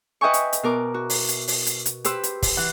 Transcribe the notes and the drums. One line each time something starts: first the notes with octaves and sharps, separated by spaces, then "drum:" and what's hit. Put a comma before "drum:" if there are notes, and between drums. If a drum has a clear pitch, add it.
B4 D#5 E5 G5 G#5 C#6
drum: hi-hat
drum: hi-hat
B2 A#4 D6
F#4
drum: open hi-hat
drum: hi-hat
drum: open hi-hat
drum: hi-hat
drum: hi-hat
G4 B4 C5 E6, drum: hi-hat
drum: hi-hat
drum: kick, open hi-hat
E3 F#5